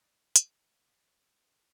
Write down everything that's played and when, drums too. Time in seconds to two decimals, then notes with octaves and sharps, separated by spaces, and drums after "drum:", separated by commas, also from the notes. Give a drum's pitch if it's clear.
0.01 D#4 D5
0.36 drum: hi-hat
0.88 F3 F#3 G#4
1.08 C#5
1.42 D3 G3 C4